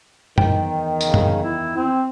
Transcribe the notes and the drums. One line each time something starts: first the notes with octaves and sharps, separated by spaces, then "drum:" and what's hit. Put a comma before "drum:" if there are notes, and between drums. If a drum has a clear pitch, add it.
E2 D#3 C5 G5, drum: tom F#2
C#3, drum: tambourine
drum: tom F#2
E4
C4